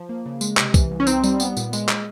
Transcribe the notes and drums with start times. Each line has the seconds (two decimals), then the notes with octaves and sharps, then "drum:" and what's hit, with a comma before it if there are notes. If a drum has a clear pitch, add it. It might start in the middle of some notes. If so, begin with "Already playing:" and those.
Already playing: F3
0.09 A#3
0.26 C#3
0.41 G#3, drum: tambourine
0.57 C3, drum: clap
0.74 E3, drum: kick C2, tambourine
0.91 C2
1.00 C#4
1.07 C4 D#4, drum: tambourine
1.24 G3, drum: tambourine
1.40 B3, drum: tambourine
1.57 A#2, drum: tambourine
1.73 G#3, drum: tambourine
1.89 drum: clap